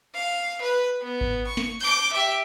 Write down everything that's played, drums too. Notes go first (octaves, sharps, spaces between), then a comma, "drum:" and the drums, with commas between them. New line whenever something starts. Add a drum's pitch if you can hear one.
F5
B4
B3
drum: kick G#1
C#6
drum: snare
D6 G6, drum: open hi-hat
G4 E5